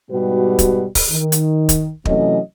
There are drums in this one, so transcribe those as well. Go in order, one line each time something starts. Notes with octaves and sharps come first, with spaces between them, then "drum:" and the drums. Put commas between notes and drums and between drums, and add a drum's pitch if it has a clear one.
G#2 B2 G3 F#4 G4 B4
drum: kick, hi-hat
drum: kick, open hi-hat
D#3
drum: hi-hat
drum: kick, hi-hat
C3 E3 F#3 A3 C#4 D#5, drum: kick